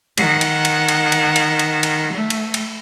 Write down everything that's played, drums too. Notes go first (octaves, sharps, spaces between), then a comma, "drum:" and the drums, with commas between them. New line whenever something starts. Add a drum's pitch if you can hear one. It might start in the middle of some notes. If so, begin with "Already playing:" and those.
D#3 F#5, drum: cymbal
drum: cymbal
drum: cymbal
drum: cymbal
drum: cymbal
drum: cymbal
drum: cymbal
drum: cymbal
A3
drum: cymbal
drum: cymbal